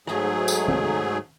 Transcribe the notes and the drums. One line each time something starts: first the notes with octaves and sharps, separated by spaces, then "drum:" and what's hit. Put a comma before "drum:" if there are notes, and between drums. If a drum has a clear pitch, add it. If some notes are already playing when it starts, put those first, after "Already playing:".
G#2 F#3 A3 G#4, drum: rim click
drum: tambourine
drum: tom